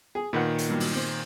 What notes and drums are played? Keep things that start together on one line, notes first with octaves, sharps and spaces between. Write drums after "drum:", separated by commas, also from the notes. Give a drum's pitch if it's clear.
G#4
A#2 D#3 B4 F#5
drum: hi-hat
G2 F#3 A#3
drum: open hi-hat
C4